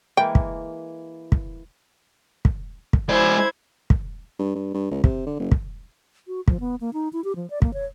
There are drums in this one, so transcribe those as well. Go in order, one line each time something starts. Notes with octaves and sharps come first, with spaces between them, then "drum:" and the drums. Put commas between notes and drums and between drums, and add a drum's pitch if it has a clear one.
E3 G#3 A#3 G5
drum: kick
drum: kick
drum: kick
drum: kick
G#3 E4 C5 D5 G#6
drum: kick
G2
G2
G2
C#2
C3, drum: kick
D3
F#1
drum: kick
F#4
F3, drum: kick
B3
A#3
D#4
E4
G4
F3
D5
A#3, drum: kick
C#5